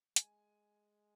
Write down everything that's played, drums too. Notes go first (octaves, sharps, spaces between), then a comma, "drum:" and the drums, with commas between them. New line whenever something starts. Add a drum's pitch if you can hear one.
G#3 G#5, drum: hi-hat